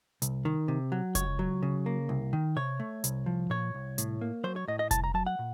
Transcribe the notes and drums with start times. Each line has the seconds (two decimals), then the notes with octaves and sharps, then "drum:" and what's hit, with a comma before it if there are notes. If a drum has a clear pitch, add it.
0.22 C2, drum: hi-hat
0.45 D#3
0.68 C3
0.92 F#3
1.15 C#2 C#5, drum: kick F1, hi-hat
1.39 F#3
1.63 C#3
1.86 A#3
2.09 C2
2.33 D#3
2.56 C3 C#5
2.80 A3
3.04 C2, drum: hi-hat
3.26 F3
3.50 A#2 C#5
3.74 C2
3.98 A2, drum: hi-hat
4.21 A#3
4.44 F#3 C5
4.56 C#5
4.68 A2 D#5
4.79 D#5
4.91 C2 A5, drum: kick F1, hi-hat
5.04 A#5
5.14 F#3 A5
5.26 F#5
5.39 A#2